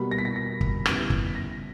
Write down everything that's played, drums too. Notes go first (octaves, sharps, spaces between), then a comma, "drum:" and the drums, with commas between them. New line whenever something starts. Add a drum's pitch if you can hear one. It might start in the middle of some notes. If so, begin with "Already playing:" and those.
Already playing: B2 G3 A#3 B5
A#6
B6
A#6
A#6
drum: kick
C#3 G3 B3 E4, drum: rim click
drum: kick
B6
A#6